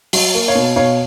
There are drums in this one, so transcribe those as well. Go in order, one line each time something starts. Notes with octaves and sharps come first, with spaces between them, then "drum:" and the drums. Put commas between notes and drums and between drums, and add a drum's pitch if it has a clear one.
F#3, drum: open hi-hat
A#3
C#5 F5
B2
B2 C#5 F5